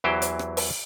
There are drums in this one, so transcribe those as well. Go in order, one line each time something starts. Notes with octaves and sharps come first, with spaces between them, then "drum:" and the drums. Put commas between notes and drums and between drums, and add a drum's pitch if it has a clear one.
E2 E3 F#3 G4 C5 G5
drum: hi-hat
drum: rim click
drum: open hi-hat